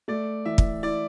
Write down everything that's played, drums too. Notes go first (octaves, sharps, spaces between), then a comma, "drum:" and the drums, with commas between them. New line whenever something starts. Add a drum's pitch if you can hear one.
A3 D5
E3 E5
drum: kick
E4 D5